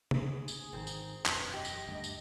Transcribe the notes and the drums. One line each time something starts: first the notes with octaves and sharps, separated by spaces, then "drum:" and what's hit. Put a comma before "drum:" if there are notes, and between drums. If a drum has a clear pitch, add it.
G#4, drum: tom C3
drum: tambourine
G#1 D3 D#3 C4
drum: tambourine
E1 F#2 B4, drum: clap
G4 D#5
drum: tambourine
D2 G2
drum: tambourine